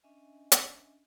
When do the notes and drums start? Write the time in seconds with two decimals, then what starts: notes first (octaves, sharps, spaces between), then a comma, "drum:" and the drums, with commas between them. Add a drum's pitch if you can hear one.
0.03 C#4 D4 D#5 E5 G#5
0.52 drum: hi-hat